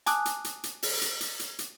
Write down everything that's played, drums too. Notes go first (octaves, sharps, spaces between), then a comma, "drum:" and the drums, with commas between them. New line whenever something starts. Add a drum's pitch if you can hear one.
G#5 A5 D6 D#6 F#6, drum: hi-hat
drum: hi-hat
drum: hi-hat
drum: hi-hat
drum: open hi-hat
drum: hi-hat
drum: hi-hat
drum: hi-hat
drum: hi-hat